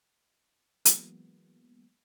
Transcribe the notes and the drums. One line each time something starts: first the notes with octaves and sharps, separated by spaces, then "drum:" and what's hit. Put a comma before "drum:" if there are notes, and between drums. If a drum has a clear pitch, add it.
E3 F#3 G#3 A#3 B3, drum: hi-hat